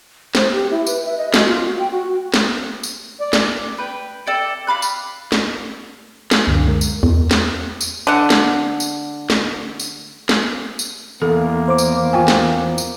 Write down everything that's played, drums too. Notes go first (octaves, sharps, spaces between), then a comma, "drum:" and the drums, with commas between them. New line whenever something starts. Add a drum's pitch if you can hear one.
C5, drum: snare
G4
E4
B4, drum: tambourine
E5
D#5
F#4, drum: snare
F4
F#4
G5
F#4
drum: snare
drum: tambourine
D5
drum: snare
B4 G5
A4 D5 G5
D5 F5 B5 F#6
drum: tambourine
drum: snare
drum: snare
C#2 F#2 D3
G#3 A#4
drum: tambourine
E2
drum: snare
drum: tambourine
D3 F#5
drum: snare
drum: tambourine
drum: snare
drum: tambourine
drum: snare
drum: tambourine
E2 A#3 A4
C5 D6
drum: tambourine
F4 G5 G#5
drum: snare
drum: tambourine